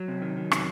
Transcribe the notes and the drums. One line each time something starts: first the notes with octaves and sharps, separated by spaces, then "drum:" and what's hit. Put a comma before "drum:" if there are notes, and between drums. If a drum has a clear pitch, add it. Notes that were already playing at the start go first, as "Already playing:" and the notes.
Already playing: F#3
C3
D#3
D#3
C3, drum: rim click